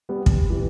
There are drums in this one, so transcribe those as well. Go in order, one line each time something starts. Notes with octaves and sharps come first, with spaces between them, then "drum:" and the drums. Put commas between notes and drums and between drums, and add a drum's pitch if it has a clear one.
G3 B3
drum: kick
E3 G3